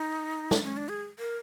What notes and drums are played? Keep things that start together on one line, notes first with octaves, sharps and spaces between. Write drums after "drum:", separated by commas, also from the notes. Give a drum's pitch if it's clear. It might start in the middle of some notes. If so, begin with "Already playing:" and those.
Already playing: D#4
D4, drum: snare
C#4
D4
G#4
A#4